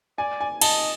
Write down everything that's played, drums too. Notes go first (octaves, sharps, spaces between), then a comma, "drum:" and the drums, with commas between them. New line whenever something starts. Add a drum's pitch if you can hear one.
D5 G#5
G#5
D#5 A5, drum: cymbal